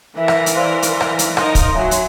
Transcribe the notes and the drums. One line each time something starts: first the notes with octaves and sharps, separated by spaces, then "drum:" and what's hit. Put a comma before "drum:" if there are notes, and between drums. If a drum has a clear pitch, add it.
E3 A#4 E5
drum: rim click
drum: hi-hat
C5 D5 F5 C6
drum: hi-hat
drum: rim click
drum: hi-hat
D#4 A#4 C6, drum: rim click
drum: kick, hi-hat
F#3 C#5 E5 G#5
drum: hi-hat